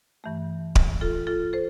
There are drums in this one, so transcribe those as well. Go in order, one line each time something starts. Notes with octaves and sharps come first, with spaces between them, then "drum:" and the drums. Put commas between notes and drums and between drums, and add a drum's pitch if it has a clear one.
G2 E3 A3
drum: kick D1
F4 A4
F4 A4
A4 C5